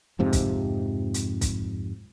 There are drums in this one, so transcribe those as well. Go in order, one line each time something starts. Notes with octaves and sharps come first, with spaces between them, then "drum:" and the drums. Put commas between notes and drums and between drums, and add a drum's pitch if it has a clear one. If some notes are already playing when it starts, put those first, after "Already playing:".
F2 G#2 C3 F3
drum: kick, hi-hat
drum: hi-hat
drum: kick, hi-hat